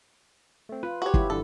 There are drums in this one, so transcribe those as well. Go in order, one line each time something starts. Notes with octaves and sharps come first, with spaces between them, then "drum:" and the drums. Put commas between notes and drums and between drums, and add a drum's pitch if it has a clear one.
A3 C4
F4 B4
F#4 G4 C#5
E4, drum: kick
G2 D3 E3 A4